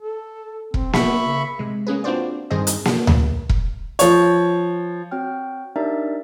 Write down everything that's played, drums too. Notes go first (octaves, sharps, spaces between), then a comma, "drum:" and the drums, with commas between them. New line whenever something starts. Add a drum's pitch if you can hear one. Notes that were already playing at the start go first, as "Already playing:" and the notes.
A4
C4, drum: kick E1
B3 E5 B5 C#6, drum: snare A#3
C#3
C3 G#3
A#3 C#4 G#4 B4
C4 D4 F4 F#4 C5 D5
G2 D#3 C4 G#4 C5 D#5
drum: hi-hat
drum: snare A#3
drum: tom D2
drum: kick E1
F3 C#5, drum: hi-hat
C4 F#4 C#5 G5 F6
D4 D#4 G4 A#4 D5 E5